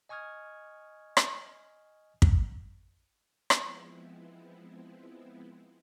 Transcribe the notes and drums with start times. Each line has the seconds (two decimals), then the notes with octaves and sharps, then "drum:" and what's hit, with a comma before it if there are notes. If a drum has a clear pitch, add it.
0.09 D#5 G#5 C#6 D#6 F6 G#6
1.17 drum: rim click
2.22 drum: kick
3.50 F3 G#3 B3 C4 E4, drum: rim click